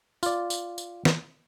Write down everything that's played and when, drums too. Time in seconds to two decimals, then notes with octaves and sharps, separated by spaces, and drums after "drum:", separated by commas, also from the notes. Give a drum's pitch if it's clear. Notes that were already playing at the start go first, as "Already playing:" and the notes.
0.23 F4 D5, drum: tambourine
0.50 drum: tambourine
0.78 drum: tambourine
1.05 drum: snare